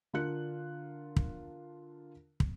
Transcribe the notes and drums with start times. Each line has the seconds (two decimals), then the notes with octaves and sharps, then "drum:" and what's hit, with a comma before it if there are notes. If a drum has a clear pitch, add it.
0.13 D3 D4 F4 A#4 F#6 C#7
1.16 drum: kick
2.40 drum: kick